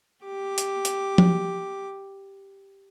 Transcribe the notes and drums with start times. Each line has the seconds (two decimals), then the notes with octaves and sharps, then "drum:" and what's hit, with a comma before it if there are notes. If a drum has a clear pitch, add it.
0.24 G4 D6
0.58 drum: hi-hat
0.85 drum: hi-hat
1.18 drum: tom F3